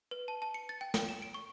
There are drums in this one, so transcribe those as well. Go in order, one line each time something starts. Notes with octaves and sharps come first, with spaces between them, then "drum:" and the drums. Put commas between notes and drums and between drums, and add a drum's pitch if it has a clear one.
B4
A5
A5
C#7
A6
G5
G5, drum: snare
E7
D7
C#6